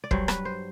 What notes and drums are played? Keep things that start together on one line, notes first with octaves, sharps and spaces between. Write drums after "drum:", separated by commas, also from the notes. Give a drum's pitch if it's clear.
D5
G2 F#3 C5, drum: kick
B4, drum: rim click
C5